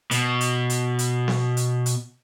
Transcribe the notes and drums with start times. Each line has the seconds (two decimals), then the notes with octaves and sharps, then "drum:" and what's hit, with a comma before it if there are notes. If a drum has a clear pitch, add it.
0.11 B2, drum: hi-hat
0.41 drum: hi-hat
0.70 drum: hi-hat
0.99 drum: hi-hat
1.28 drum: snare B3
1.57 drum: hi-hat
1.86 drum: hi-hat